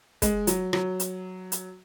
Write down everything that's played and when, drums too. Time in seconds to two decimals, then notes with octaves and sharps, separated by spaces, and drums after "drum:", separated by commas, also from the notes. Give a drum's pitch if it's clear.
0.22 G#3, drum: kick, hi-hat
0.47 F#3, drum: hi-hat
0.73 F#3, drum: rim click
1.00 drum: hi-hat
1.52 drum: hi-hat